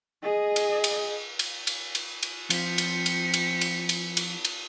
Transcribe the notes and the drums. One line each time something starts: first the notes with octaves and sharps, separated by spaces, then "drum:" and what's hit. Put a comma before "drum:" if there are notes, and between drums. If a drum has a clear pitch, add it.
G#4 D#5
drum: cymbal
drum: cymbal
drum: cymbal
drum: cymbal
drum: cymbal
drum: cymbal
F3 C4 B6 C#7, drum: cymbal
drum: cymbal
drum: cymbal
drum: cymbal
drum: cymbal
drum: cymbal
drum: cymbal
drum: cymbal